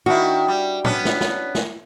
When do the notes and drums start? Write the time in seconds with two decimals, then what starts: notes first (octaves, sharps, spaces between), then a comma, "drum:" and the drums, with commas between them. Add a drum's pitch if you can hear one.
0.06 D#3 D4 E4 F#4
0.48 G3
0.85 B3 C#4 D4, drum: tom
1.05 drum: snare
1.21 drum: snare
1.55 drum: snare